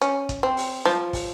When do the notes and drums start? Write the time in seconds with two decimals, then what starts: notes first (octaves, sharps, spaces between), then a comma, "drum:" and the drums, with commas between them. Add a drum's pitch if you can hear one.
0.01 C#4, drum: hi-hat
0.29 drum: kick, hi-hat
0.43 C4
0.57 drum: open hi-hat
0.85 F3, drum: snare
1.13 drum: kick, open hi-hat